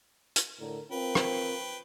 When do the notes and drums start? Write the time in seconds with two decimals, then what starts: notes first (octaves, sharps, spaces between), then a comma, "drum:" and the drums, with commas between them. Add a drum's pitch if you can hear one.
0.36 drum: hi-hat
0.59 A2 D3 A#4
0.92 C4 F4 A#4 B4 G5
1.15 drum: rim click